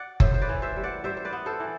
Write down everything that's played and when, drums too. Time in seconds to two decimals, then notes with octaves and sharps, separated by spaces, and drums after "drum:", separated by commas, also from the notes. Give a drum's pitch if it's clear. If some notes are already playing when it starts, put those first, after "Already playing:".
Already playing: D5 F#5
0.20 A2 C5 E5, drum: kick F#1
0.34 C5
0.41 B4 D5
0.49 E3
0.62 C5 E5
0.76 G3
0.83 D5 F#5
1.04 G3 C5 E5
1.17 C5
1.25 B4 D5
1.33 B3
1.46 A4 C5
1.60 E3